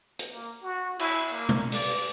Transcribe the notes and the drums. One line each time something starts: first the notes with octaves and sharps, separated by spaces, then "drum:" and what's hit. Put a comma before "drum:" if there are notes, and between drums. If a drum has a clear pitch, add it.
drum: hi-hat
A#3
F#4
E4, drum: cymbal
A#3
drum: tom
D5, drum: open hi-hat